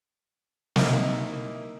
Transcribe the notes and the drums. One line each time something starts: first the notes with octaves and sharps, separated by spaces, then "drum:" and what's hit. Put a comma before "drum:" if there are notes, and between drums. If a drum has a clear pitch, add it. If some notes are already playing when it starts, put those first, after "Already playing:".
A#3 D#4 E4, drum: snare